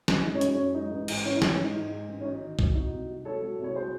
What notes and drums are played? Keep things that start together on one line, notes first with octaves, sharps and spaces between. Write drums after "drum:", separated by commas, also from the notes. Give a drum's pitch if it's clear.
F#2, drum: snare
G#3 D#4
C#4
F#2, drum: hi-hat
F#2 C#4
G#3 D#4
A1
G#2, drum: cymbal
E3 C#4
E4
D#4
G#2, drum: snare
C#4
G#3 D#4
G#2 D#4
G#2
A1
C#4
F#3 D#4
D#3
F#3, drum: kick B1
C2 D#4 F#4
C2
C3
F#3 A4 C#5
F#3
C2
C#5
F#3 G#4 C5